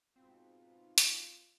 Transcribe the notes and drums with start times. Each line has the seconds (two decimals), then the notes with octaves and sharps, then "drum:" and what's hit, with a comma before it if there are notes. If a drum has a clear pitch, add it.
0.16 G#2 B2 C4 F4
0.98 drum: hi-hat